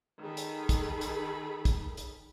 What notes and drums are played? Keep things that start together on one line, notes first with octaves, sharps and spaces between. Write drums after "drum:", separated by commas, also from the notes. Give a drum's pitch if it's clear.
D#3 G#4 A4 B5
drum: hi-hat
drum: kick, hi-hat
drum: hi-hat
drum: kick, hi-hat
drum: hi-hat